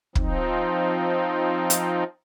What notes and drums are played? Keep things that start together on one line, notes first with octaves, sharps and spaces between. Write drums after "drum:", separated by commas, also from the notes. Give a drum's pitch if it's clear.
F3 C4 D#4, drum: kick
drum: hi-hat